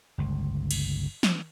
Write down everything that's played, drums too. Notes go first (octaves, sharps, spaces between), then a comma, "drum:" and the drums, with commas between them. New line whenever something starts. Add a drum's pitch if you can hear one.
G1 C#2
drum: cymbal
drum: snare